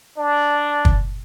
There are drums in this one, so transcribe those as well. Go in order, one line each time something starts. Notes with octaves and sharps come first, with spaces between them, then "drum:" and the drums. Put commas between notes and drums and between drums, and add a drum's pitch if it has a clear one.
D4
drum: kick